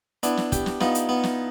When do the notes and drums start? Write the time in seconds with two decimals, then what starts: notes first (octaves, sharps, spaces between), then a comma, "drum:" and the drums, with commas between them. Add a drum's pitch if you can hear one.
0.23 B3 D4 E4, drum: hi-hat
0.37 drum: snare
0.52 G4, drum: kick, hi-hat
0.66 drum: snare
0.80 B3 D#4 F4, drum: snare
0.95 drum: hi-hat
1.09 B3
1.23 drum: snare